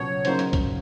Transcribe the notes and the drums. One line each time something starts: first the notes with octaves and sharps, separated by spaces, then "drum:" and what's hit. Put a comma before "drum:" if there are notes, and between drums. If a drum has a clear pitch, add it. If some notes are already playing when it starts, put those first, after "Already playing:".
Already playing: C#2 B2 F#3 C#5
C#3 F#3 A#3 D#4 C5, drum: hi-hat
drum: hi-hat
drum: kick B1, hi-hat